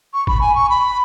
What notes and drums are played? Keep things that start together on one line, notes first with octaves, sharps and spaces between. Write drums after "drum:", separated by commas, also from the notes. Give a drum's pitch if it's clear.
C#6
B5, drum: kick G#1
G#5
C#6
B5